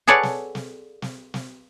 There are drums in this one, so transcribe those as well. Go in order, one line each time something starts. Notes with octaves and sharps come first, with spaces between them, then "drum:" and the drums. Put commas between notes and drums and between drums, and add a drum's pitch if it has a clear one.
G#4 A4 B4 C#5 D5 F#5
drum: snare
drum: snare
drum: snare
drum: snare